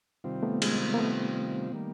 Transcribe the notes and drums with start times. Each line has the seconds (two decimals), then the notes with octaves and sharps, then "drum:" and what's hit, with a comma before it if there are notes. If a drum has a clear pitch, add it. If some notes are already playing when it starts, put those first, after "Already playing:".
0.24 C3 D#3 G3 C4 F4
0.43 A3 B3
0.62 G#3 A#3, drum: cymbal
0.94 A#3
0.98 A3 B3
1.72 D#3 G3 A#3